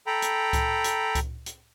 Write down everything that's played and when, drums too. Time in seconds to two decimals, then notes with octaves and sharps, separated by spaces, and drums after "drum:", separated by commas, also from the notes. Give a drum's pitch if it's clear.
0.07 A4 G5 A#5 B5
0.22 drum: hi-hat
0.53 drum: kick C#2, hi-hat
0.84 drum: hi-hat
1.15 drum: kick C#2, hi-hat
1.46 drum: hi-hat